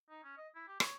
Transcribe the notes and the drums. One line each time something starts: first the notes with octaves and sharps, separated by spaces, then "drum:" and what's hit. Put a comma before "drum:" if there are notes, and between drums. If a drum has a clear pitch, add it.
D#4
C#4
D#5
E4
G4
C#5, drum: rim click